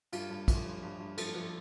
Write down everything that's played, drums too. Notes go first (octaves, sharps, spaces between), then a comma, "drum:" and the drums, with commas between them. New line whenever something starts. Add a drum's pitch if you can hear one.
G2 F4, drum: cymbal
G2
F3, drum: kick A#1, cymbal
G2
G2
G2
F3 A4, drum: cymbal
F3